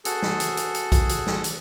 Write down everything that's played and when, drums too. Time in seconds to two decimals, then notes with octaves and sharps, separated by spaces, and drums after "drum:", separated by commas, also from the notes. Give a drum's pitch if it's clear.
0.05 F#4 G#4 A4, drum: hi-hat
0.22 drum: snare
0.40 drum: hi-hat
0.57 drum: hi-hat
0.74 drum: hi-hat
0.92 drum: kick A#1, hi-hat
1.09 drum: hi-hat
1.27 drum: snare
1.44 drum: hi-hat